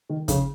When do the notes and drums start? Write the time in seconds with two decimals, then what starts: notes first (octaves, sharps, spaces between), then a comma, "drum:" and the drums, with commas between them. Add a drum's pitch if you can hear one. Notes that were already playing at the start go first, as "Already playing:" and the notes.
0.09 D#3
0.28 C#3, drum: kick, hi-hat